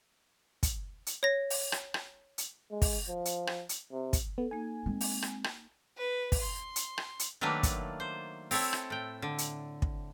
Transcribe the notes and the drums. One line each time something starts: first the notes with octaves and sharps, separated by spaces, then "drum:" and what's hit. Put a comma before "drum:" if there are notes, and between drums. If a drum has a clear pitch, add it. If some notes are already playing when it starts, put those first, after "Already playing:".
drum: kick, hi-hat
drum: hi-hat
C#5 A#6
drum: open hi-hat
drum: rim click
drum: rim click
drum: hi-hat
G#3
drum: kick, open hi-hat
F3
drum: hi-hat
drum: rim click
drum: hi-hat
C3
drum: kick, hi-hat
B3 A4
A#3 D#4 G#5
G#3 C4
drum: open hi-hat
drum: rim click
drum: rim click
B4
drum: kick, open hi-hat
C6
drum: hi-hat
drum: rim click
drum: hi-hat
D#3 F#3 A3 A#3 D4 B4
drum: kick, hi-hat
C5
C4 E4 A4 C#5, drum: open hi-hat
drum: rim click
A2 G5
D3
drum: hi-hat
drum: kick